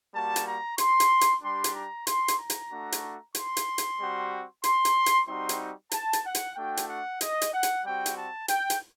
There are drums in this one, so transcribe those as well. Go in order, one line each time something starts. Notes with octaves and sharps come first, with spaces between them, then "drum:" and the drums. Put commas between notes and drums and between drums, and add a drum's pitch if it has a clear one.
G3 A#3 F#4 A5
drum: hi-hat
A#5
C6, drum: hi-hat
drum: hi-hat
drum: hi-hat
G3 D4 G4 C6
drum: hi-hat
A#5
C6, drum: hi-hat
drum: hi-hat
A#5
drum: hi-hat
A3 D4 F#4
drum: hi-hat
C6, drum: hi-hat
drum: hi-hat
drum: hi-hat
G3 C4 F#4
C6, drum: hi-hat
drum: hi-hat
drum: hi-hat
G3 C4 D#4 F#4 C6
drum: hi-hat
A5, drum: hi-hat
drum: hi-hat
F#5
drum: hi-hat
A3 D4 F#4 G5
drum: hi-hat
F#5
D#5, drum: hi-hat
drum: hi-hat
F#5
drum: hi-hat
G3 C4 F#4 G5
drum: hi-hat
A5
G5, drum: hi-hat
drum: hi-hat